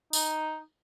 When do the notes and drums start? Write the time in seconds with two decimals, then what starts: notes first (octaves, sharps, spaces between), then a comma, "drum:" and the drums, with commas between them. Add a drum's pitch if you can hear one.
0.13 D#4, drum: tambourine